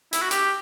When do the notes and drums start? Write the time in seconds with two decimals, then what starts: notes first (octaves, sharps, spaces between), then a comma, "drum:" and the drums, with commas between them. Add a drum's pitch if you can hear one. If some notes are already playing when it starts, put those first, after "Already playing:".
0.13 E4, drum: hi-hat
0.22 F#4
0.31 G4, drum: hi-hat